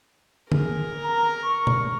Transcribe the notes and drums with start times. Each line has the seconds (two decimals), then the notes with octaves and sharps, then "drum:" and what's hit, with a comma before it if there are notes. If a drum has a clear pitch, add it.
0.52 G#4 A#4, drum: tom D3
1.04 A#5
1.44 C#6
1.67 drum: tom B2